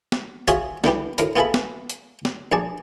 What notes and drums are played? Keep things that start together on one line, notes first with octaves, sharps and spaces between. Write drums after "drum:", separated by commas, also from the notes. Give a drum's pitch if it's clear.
drum: snare
F4 F#4 G#4 C#5 E5, drum: hi-hat
D3 E3 G3 G4, drum: snare
D2 A2 A#4, drum: hi-hat
B3 F4 G#4 A4 E5 B5
drum: snare
drum: hi-hat
drum: snare
A#1 G#4 D5 A5